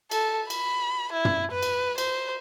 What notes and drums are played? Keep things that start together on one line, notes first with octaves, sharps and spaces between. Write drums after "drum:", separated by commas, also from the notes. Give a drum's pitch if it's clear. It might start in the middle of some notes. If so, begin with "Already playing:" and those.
A4, drum: cymbal
B5, drum: cymbal
E4
drum: tom
B4
drum: cymbal
C5, drum: cymbal